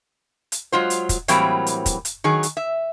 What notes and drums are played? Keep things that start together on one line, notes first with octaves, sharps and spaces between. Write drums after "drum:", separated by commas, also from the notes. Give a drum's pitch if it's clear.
drum: hi-hat
F#3 G#3 F4 C5
drum: hi-hat
drum: kick, hi-hat
A2 E3 F#3 G3 A#3 C4, drum: hi-hat
drum: hi-hat
drum: kick, hi-hat
drum: hi-hat
D#3 F#3 G#4
drum: hi-hat
E5